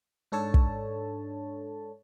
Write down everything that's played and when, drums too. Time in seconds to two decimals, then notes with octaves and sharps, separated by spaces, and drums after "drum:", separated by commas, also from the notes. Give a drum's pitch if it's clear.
0.32 G#2 D4 A4 C#5 A5
0.54 drum: kick